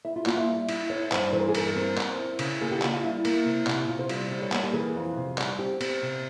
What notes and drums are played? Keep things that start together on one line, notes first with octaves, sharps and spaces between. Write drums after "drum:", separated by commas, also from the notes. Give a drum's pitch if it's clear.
E4 E5
F4
A#3 F4, drum: clap
E5
G3
E4, drum: cymbal
E4 C#5
G2 C5, drum: clap
E3 C5
A#4
G#4
G2 A#4, drum: cymbal
C4
C4, drum: clap
E4
C#3, drum: cymbal
A#3 G#4
G4
A#3 F4, drum: clap
F4
G3 E4
A#3, drum: cymbal
C3
C3, drum: clap
C3 F4
C5
G3 F4, drum: cymbal
G3 G4
C#5
A#3 C#5, drum: clap
G4
E3 G#4
F2
C3
G3, drum: clap
C4 G4
C4, drum: cymbal
C3